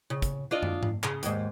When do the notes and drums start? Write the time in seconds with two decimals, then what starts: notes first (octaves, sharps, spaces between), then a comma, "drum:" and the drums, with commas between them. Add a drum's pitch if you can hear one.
0.10 C#3
0.22 drum: kick, hi-hat
0.51 D4 F4 D#5
0.63 drum: tom
0.83 drum: tom G#2
1.03 C#3, drum: clap
1.23 D#2 G#2, drum: hi-hat